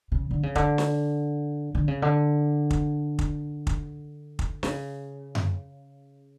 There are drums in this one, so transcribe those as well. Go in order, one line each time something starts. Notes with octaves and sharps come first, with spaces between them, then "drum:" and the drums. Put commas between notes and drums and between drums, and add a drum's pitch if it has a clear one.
C#3
D3
C#3
D3, drum: kick
drum: snare
D3
C#3
D3
drum: kick
drum: kick
drum: kick
drum: kick
C#3, drum: snare
drum: tom F#2